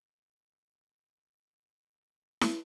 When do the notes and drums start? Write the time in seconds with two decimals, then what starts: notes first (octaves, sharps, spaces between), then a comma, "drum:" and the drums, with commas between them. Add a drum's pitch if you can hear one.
1.42 F#4 G4 D5
2.41 drum: snare E4